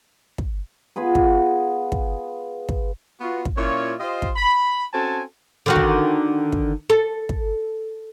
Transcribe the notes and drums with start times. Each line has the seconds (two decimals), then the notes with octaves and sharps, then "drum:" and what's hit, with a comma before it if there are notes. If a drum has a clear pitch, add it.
0.38 drum: kick
0.96 B3 F4 G#4 B4
1.15 drum: kick
1.92 drum: kick
2.69 drum: kick
3.21 B3 F4 F#4
3.45 drum: kick
3.57 A#2 C#4 E4 F4 C#5
4.00 F4 G4 C5 D#5
4.22 drum: kick
4.36 B5
4.94 C4 C#4 F#4 A4 G#5 A5
5.66 D3 D#3 F#4
5.76 drum: kick
6.52 drum: kick
6.90 A4
7.29 drum: kick